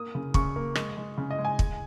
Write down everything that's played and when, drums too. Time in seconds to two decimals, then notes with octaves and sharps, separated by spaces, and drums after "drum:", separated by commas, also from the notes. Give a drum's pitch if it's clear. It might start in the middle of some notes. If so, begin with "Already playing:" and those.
Already playing: A#3 D#6
0.15 C#3
0.34 C#3 C#6, drum: kick
0.56 A#3
0.75 G#3, drum: rim click
0.97 G#3
1.18 C#3
1.31 D#5
1.38 G#3
1.45 G#5
1.59 G#3, drum: kick